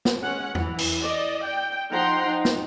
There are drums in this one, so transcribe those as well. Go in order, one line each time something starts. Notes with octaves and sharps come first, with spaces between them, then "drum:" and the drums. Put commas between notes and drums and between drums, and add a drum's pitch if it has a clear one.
drum: snare
G#3 C#4 F#5
E3, drum: tom E2
drum: cymbal
D5 D#5
G5
F3 D#4 F#5 G5 A#5 C6
D#4
drum: snare